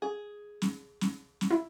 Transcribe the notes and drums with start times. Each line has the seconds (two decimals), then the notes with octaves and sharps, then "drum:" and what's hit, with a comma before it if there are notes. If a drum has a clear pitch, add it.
0.02 G#4
0.62 drum: snare
1.01 drum: snare
1.41 drum: snare
1.51 E4